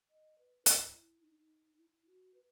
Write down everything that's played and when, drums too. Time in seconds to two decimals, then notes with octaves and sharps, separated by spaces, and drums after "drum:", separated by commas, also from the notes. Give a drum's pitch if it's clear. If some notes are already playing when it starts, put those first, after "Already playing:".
0.10 D#5
0.38 B4
0.66 E4, drum: hi-hat
0.94 E4
1.22 D#4
1.38 D#4
1.78 E4
2.06 F#4
2.34 B4